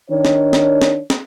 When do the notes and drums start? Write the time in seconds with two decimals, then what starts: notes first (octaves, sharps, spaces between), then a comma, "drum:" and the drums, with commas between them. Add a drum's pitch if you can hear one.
0.10 D#3 D4 C#5
0.25 drum: snare
0.53 drum: snare
0.82 drum: snare
1.10 drum: snare